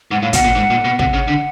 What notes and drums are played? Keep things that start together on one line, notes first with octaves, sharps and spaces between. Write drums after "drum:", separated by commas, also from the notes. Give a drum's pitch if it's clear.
G#2 F#5
A2 F5
B2 F#5, drum: kick, hi-hat
A#2
G#2
A#2
B2
C3 F#5, drum: kick
C#3
D3